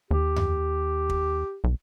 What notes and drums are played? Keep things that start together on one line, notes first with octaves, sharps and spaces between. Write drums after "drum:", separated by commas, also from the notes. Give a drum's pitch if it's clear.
D#2 G4
drum: tom F2
drum: kick
B1